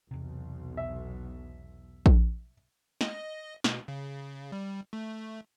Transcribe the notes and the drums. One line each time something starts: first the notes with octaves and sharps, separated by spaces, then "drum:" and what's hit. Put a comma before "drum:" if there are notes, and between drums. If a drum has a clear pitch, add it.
B1 E2 C3
E5
drum: kick A#1
D#5, drum: snare
B2, drum: snare
C#3
G3
A3